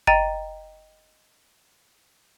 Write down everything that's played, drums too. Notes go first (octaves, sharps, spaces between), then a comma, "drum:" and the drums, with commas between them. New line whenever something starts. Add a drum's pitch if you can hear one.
D#5 G5 A#5 A6 D#7, drum: kick G1